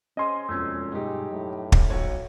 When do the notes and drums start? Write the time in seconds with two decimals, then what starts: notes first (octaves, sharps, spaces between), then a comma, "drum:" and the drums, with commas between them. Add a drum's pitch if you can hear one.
0.17 C#4 G#4 C5 D#5 C6
0.49 E1 F2 A3 C#4
0.92 B1 G2 G#3 D#4 G4
1.31 F#2 A2
1.72 drum: kick
1.90 B1 F#4 C#5